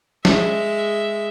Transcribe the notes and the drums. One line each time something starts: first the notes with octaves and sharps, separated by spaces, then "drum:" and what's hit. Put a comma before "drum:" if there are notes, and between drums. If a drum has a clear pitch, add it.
G#3 E5, drum: snare